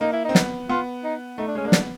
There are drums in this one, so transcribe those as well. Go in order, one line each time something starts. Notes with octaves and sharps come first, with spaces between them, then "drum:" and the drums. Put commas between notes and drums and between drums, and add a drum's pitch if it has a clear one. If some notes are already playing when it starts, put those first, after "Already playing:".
A#3 D#4
E4
C4 D#4
B3, drum: snare
B3 F4
D#4
A3 D#4
D4
G#3 C#4
A#3 D4
B3, drum: snare